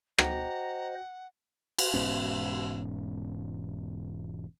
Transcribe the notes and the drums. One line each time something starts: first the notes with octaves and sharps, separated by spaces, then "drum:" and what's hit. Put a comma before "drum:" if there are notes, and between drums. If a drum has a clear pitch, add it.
F#4 C5 D#5 F#5 G5 A#5, drum: rim click
drum: cymbal
E1 G#2 B3 C#4